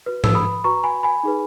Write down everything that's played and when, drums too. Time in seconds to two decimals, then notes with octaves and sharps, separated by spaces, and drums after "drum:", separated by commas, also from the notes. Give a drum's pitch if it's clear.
0.06 F#4 B4
0.24 E6, drum: tom
0.35 B5 D#6
0.64 F#4 B4 A#5 C#6
0.84 G#5 B5
1.03 G#5 B5
1.23 D#4 G#4 B4